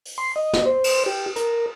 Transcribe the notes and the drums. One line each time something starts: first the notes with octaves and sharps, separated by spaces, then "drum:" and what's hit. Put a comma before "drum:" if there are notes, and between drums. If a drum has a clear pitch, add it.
drum: open hi-hat
C6
D#5
drum: snare
C5
drum: cymbal
G4
A#4, drum: hi-hat